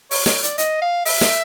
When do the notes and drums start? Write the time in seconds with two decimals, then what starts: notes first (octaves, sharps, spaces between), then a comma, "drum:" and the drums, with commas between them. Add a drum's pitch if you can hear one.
0.11 C#5, drum: open hi-hat
0.26 C#5, drum: snare
0.43 D5, drum: hi-hat
0.58 D#5, drum: hi-hat
0.82 F5
1.05 E5, drum: open hi-hat
1.21 drum: snare